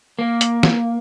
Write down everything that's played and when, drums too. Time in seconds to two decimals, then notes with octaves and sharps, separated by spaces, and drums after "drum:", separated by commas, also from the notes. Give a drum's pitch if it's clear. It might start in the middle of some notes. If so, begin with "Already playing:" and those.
0.19 A#3
0.41 drum: hi-hat
0.63 drum: snare